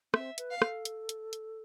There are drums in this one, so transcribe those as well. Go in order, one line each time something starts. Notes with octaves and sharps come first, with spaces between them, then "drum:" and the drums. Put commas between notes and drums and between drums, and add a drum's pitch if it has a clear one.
C4 E5, drum: rim click
B4, drum: hi-hat
F5
A4, drum: rim click
drum: hi-hat
drum: hi-hat
drum: hi-hat